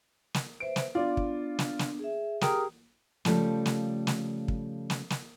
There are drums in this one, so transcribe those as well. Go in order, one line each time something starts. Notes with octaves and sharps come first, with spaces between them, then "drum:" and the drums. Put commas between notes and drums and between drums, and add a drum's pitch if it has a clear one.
drum: snare
B4 C5 E5 D7
drum: snare
B3 D4 F4 D5
drum: kick
drum: snare
drum: snare
G#4 E5
G4 G#4 A#4 D#6, drum: snare
C#3 F3 G3 A3, drum: snare
drum: snare
drum: snare
drum: kick
drum: snare
drum: snare